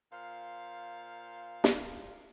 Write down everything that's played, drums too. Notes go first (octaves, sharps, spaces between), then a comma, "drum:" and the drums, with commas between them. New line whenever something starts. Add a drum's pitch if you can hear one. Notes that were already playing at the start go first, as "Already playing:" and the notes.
A#2 C5 F5
drum: snare